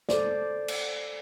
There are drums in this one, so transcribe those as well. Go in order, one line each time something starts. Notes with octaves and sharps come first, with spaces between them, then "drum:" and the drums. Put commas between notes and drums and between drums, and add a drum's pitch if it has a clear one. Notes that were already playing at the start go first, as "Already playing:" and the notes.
A4 C5 D5, drum: snare
drum: cymbal